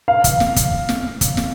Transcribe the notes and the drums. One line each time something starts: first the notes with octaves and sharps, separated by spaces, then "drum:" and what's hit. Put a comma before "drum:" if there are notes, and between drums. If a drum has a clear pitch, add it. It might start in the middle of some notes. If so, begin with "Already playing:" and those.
F5
drum: kick, hi-hat
drum: snare
drum: kick, hi-hat
drum: snare
drum: kick, hi-hat
drum: snare